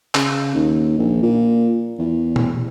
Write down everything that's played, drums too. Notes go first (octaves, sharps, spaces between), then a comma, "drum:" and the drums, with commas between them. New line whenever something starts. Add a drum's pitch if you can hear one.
C#3, drum: clap
D#2
A#1
A#2
E2
drum: tom B2